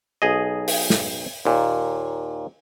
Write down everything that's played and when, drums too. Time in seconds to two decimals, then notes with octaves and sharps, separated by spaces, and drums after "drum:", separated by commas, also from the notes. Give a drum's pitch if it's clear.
0.22 B1 G#4 D#5
0.68 drum: open hi-hat
0.90 drum: snare
1.45 D#2 A#2